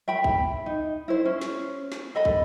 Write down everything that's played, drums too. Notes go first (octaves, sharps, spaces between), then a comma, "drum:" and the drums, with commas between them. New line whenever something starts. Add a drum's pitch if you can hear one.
E5 G5 B5
drum: kick
D#4
E4 C5
C#4
drum: snare
drum: snare
A4 D#5 B5
drum: kick